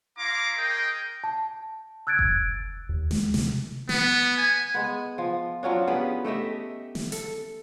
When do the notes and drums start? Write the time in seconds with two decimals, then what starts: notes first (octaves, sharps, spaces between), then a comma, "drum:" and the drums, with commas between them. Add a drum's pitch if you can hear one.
0.19 E4 F5 A#5 C6 D6
0.58 G#4 A#4 D#5 G5
1.24 A5
2.07 E6 F#6 G#6 A6 D7
2.19 drum: kick F1
2.89 D#2
3.11 G#3, drum: snare
3.34 C3, drum: snare
3.89 B3, drum: snare
4.37 G#5
4.74 G#3 B3
5.18 F3
5.63 F3 F#3 C#4 D4
5.87 B3 G4 G#4 B4
6.25 A3 G4 D#5 E5
6.95 drum: snare
7.12 A4, drum: hi-hat